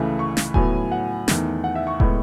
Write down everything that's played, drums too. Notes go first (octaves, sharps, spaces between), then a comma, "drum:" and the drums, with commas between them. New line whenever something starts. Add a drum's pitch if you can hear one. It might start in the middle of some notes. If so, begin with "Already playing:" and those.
Already playing: C#2 C#3 E3 A3
C#6
drum: snare
A2 F#3 B3 G#5, drum: kick D#1
F#5
E2 D#3 A3, drum: snare
F#5
E5
C#6
A2 G#3 B3, drum: kick D#1